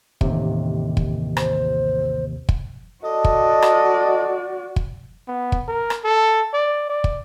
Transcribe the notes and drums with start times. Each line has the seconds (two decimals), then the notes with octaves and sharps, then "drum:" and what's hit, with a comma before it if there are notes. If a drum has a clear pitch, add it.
0.21 A1 D#2 C3, drum: kick
0.97 drum: kick
1.37 C5, drum: rim click
2.49 drum: kick
3.04 F#4 A4 D5 D#5
3.24 drum: kick
3.62 drum: rim click
4.76 drum: kick
5.28 B3
5.52 drum: kick
5.68 A#4
5.90 drum: rim click
6.04 A4
6.53 D5
6.90 D5
7.04 drum: kick